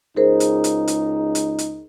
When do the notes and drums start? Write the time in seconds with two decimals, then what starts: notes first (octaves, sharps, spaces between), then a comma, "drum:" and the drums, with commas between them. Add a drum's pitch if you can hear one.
0.17 C#2 D#4 G#4 A#4 C5
0.40 drum: hi-hat
0.64 drum: hi-hat
0.88 drum: hi-hat
1.35 drum: hi-hat
1.58 drum: hi-hat